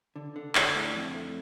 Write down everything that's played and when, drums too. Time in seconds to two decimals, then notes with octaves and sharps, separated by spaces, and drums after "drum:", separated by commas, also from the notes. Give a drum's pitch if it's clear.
0.16 D3
0.36 D3
0.55 D4, drum: clap
0.75 A2
0.96 F2
1.15 A3